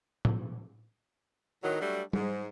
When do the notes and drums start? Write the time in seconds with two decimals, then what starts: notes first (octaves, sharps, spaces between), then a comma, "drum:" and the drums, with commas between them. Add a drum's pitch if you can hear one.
0.25 drum: tom A2
1.63 A2 D#3 F#3
1.81 F#3 G3 A3 D4
2.13 G#2, drum: tom G3